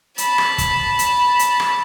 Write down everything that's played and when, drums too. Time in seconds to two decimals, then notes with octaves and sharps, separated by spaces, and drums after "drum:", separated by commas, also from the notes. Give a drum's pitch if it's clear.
0.18 A5 B5, drum: hi-hat
0.38 drum: rim click
0.58 drum: kick, hi-hat
0.99 drum: hi-hat
1.39 drum: hi-hat
1.60 drum: rim click